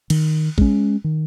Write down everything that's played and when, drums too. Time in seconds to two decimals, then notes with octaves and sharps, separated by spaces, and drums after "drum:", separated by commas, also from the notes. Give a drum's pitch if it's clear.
0.10 D#3, drum: cymbal
0.58 G#3 C#4, drum: kick A1
1.04 D#3